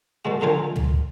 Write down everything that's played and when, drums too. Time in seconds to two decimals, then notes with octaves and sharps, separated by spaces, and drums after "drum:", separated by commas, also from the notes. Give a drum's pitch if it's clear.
0.25 A#2 F3 G#3 F#4
0.41 A#2 D3 F3 F4 A#4 G#5
0.76 drum: tom